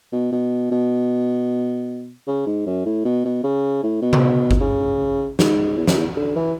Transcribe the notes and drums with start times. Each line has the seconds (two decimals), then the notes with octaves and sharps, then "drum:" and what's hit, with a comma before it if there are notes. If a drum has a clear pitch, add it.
0.13 B2
0.32 B2
0.71 B2
2.27 C#3
2.46 G#2
2.66 F#2
2.86 A2
3.05 B2
3.25 B2
3.44 C#3
3.83 A2
4.02 B2
4.13 drum: tom C3
4.51 drum: kick G1
4.61 C#3
5.39 G#2, drum: snare
5.77 E2
5.88 F#2, drum: snare
5.97 E2
6.17 D3
6.36 E3